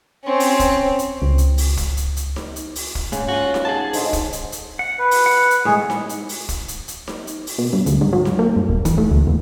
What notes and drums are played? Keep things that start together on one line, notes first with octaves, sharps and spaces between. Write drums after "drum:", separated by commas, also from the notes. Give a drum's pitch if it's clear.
C4 C#4
drum: open hi-hat
drum: kick, hi-hat
drum: hi-hat
C#2
drum: hi-hat
drum: open hi-hat
drum: kick, hi-hat
drum: hi-hat
drum: hi-hat
drum: snare D#4
drum: hi-hat
drum: open hi-hat
drum: kick
G#2 C#3, drum: hi-hat
F4 F#4
drum: snare D#4
G#4 A5
G#2 D3 G#3, drum: open hi-hat
drum: kick, hi-hat
drum: hi-hat
drum: hi-hat
F#5
B4
drum: open hi-hat
F#5
drum: hi-hat
A2 G#3 G#4
drum: snare D#4
drum: hi-hat
drum: open hi-hat
drum: kick, hi-hat
drum: hi-hat
drum: hi-hat
drum: snare D#4
drum: hi-hat
drum: open hi-hat
B2
G2
D2, drum: hi-hat
G#2
F#3
drum: snare D#4
A#3
G2
E1
E3, drum: kick, hi-hat
A3
D2
E2